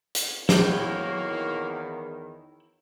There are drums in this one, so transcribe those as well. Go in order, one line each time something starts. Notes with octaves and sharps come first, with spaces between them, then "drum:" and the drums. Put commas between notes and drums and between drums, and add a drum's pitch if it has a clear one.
drum: hi-hat
E2 D#3 A#3 E4 F#4 C#5 G5, drum: snare